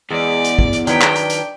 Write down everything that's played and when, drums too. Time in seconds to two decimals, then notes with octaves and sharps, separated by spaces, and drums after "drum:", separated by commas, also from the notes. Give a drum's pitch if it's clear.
0.11 E2 G#3 D5
0.44 drum: hi-hat
0.59 drum: kick G#1
0.73 drum: hi-hat
0.87 D#3 F#3 D4 B4 G5, drum: hi-hat
1.01 drum: clap
1.15 drum: hi-hat
1.30 drum: hi-hat